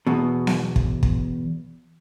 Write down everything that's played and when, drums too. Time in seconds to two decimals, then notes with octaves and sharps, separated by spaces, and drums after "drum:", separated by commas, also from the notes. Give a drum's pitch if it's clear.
0.07 E2 B2
0.47 drum: snare B3
0.76 drum: kick
1.03 drum: kick